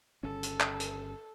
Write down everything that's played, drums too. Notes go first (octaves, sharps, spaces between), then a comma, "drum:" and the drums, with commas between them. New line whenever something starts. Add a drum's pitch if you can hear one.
G1 C#3 C#4 A4
drum: hi-hat
drum: clap
drum: hi-hat